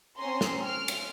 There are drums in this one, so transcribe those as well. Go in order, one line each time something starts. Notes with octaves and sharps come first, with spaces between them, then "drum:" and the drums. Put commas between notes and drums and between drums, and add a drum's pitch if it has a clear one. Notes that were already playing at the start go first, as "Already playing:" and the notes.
C4 C#4 G#5 A#5 C6
drum: snare
F6 D7
drum: cymbal